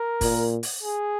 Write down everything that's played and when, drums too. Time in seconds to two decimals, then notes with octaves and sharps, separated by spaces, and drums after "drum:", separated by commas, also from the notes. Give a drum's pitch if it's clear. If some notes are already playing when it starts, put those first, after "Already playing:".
Already playing: A#4
0.21 A#2, drum: kick, open hi-hat
0.63 drum: open hi-hat
0.83 G#4